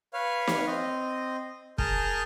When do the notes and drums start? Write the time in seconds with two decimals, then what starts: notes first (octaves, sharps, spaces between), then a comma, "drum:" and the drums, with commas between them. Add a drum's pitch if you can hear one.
0.13 B4 C#5 F5
0.47 drum: snare
0.67 C4 D#5
1.78 G#4 A#4 A5 D#6 F6 G6, drum: kick